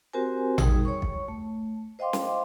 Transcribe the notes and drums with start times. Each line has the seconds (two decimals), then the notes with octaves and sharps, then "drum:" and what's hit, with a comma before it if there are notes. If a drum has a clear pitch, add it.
0.13 C4 F#4 G4 A#4 C5 G#5
0.58 G3 D#4 G#4, drum: tom A1
0.85 C#5 C#6
1.02 drum: kick
1.28 A3
1.99 C5 D#5 F5 G5 C6 D6
2.13 drum: snare